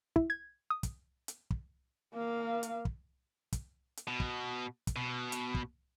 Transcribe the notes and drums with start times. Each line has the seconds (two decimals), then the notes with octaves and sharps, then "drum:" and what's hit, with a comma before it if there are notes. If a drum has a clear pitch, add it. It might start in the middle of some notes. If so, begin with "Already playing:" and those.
0.16 E4, drum: kick
0.30 G#6
0.70 D#6
0.83 drum: kick, hi-hat
1.28 drum: hi-hat
1.50 drum: kick
2.14 A#3 F5
2.63 drum: hi-hat
2.85 drum: kick
3.53 drum: kick, hi-hat
3.97 drum: hi-hat
4.08 B2
4.20 drum: kick
4.87 drum: kick, hi-hat
4.96 B2
5.32 drum: hi-hat
5.55 drum: kick